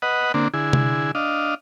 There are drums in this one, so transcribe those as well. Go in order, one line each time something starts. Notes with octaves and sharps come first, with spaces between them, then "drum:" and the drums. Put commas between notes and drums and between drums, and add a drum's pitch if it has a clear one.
B4 D#5 F#5
D3 A#3 C4 D4
D3 E4 G#4
drum: tom C3
D4 D#5 F5